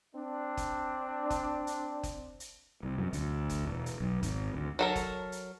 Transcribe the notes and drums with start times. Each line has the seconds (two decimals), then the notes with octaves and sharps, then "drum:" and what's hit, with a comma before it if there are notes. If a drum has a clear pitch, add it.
0.15 C4 D4
0.57 drum: kick F#1, hi-hat
1.30 drum: kick F#1, hi-hat
1.67 drum: hi-hat
2.03 drum: kick F#1, hi-hat
2.40 drum: hi-hat
2.83 C2
2.98 F#2
3.13 D2, drum: hi-hat
3.49 drum: kick F#1, hi-hat
3.67 E1
3.86 drum: hi-hat
4.01 B1
4.23 G#1, drum: kick F#1, hi-hat
4.54 D2
4.79 F#3 A4 A#4
4.96 drum: kick F#1, hi-hat
5.32 drum: hi-hat